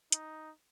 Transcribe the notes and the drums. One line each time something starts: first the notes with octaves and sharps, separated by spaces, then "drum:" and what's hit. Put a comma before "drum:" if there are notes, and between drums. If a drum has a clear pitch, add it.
D#4, drum: hi-hat